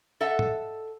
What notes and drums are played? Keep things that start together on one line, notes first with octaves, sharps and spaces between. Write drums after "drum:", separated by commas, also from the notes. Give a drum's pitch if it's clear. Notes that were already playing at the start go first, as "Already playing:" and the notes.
A4 D#5 E5 F#5
drum: tom G#2